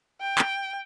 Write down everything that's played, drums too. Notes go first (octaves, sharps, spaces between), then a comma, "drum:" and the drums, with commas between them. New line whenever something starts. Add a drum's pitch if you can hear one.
G5
drum: clap